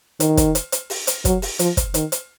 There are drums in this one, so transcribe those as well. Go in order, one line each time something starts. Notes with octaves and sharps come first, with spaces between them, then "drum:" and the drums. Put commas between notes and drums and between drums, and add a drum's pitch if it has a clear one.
D#3, drum: hi-hat
drum: kick, hi-hat
drum: hi-hat
drum: hi-hat
drum: open hi-hat
drum: hi-hat
F#3, drum: kick, hi-hat
drum: open hi-hat
F3, drum: hi-hat
drum: kick, hi-hat
D#3, drum: hi-hat
drum: hi-hat